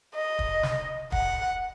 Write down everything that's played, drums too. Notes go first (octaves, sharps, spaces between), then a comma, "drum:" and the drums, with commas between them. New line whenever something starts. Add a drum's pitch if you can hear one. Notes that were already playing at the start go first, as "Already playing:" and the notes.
D#5
drum: kick
drum: snare
F#5, drum: kick